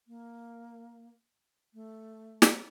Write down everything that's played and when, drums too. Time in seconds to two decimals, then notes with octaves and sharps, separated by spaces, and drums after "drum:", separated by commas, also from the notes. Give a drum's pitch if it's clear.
0.08 A#3
1.74 A3
2.42 drum: snare